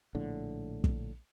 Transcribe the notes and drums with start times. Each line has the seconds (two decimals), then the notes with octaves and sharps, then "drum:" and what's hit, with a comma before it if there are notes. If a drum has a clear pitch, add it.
0.15 A#1 A2 D3
0.84 drum: kick